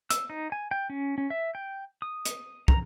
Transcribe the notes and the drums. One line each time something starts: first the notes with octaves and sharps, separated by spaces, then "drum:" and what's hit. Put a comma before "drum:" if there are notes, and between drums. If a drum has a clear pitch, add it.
E6, drum: hi-hat
D#4
G#5
G5
C#4
C#4
E5
G5
D#6
drum: hi-hat
A#5, drum: kick